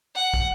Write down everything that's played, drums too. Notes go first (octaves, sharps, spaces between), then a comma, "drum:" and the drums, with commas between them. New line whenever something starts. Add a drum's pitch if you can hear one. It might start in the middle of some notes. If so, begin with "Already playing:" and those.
F#5
drum: kick